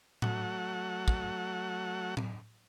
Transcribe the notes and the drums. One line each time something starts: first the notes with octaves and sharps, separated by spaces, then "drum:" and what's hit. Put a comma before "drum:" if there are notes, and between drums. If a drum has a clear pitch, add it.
F#3 A3 F#5, drum: tom A2
drum: kick
drum: tom A2